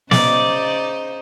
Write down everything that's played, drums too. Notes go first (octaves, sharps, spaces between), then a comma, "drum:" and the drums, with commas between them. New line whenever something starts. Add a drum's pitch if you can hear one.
C#3 D#4 C5 D5, drum: snare